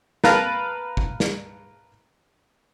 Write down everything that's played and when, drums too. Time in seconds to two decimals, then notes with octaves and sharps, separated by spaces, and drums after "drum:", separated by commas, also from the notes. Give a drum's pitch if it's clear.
0.24 A#4 B4 F5 A5 A#5, drum: snare
0.97 drum: kick G1
1.20 drum: snare